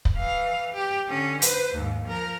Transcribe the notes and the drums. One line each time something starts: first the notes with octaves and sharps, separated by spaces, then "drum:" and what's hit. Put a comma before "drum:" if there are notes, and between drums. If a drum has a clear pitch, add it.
drum: kick
E3 F5
G4
D3 C#4
B4 C5, drum: hi-hat
D#2 G#2
F3 A#4